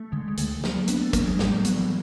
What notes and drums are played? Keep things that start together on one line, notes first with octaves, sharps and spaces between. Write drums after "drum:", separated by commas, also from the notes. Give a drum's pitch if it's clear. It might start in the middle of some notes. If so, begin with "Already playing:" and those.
Already playing: A3
D3 G#3
G#3
D2 A3, drum: hi-hat
F#3 A#3, drum: snare
B3 D4, drum: hi-hat
A3
F#3 A#3, drum: kick, hi-hat
G#3
A2 G3, drum: snare
G3
F#3 B3, drum: hi-hat
E3